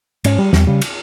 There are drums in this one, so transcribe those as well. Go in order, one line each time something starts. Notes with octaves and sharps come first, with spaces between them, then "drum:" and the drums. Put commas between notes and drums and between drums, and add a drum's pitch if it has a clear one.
G#2 C#4, drum: cymbal
G3
E2 G3, drum: snare
C#3 G3
drum: cymbal